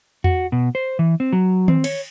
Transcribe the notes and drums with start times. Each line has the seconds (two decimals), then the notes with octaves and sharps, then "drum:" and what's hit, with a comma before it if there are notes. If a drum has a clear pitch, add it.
0.24 F#4, drum: tom E2
0.52 B2
0.75 C5
0.99 E3
1.20 C4
1.33 F#3
1.68 C4, drum: tom D#3
1.84 C#5, drum: cymbal